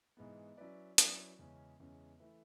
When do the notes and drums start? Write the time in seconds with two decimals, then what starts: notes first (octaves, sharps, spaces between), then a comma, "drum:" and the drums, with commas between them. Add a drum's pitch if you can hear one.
0.17 G#2 E3 G#3 B3
0.57 F#3 C#4 E4 B4 D5
0.98 F#3 C#4 E4 B4 D5, drum: hi-hat
1.39 E2 C#3 G#3 C#4
1.80 E2 C#3 G#3 C#4
2.20 E3 A3 E4 B4